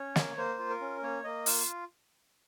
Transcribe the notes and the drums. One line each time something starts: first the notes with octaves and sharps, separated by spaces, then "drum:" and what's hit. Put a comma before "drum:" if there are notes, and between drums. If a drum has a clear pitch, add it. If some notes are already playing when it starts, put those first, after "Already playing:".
Already playing: C#4 C#5
A#3, drum: snare
A#3 C5
F4
A#4
C#4
A#3 C#5
A#3 D#5
F4 F5, drum: open hi-hat